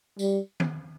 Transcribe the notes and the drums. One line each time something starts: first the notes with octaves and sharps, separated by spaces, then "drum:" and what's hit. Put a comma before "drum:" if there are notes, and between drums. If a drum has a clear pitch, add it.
G3, drum: tambourine
drum: tom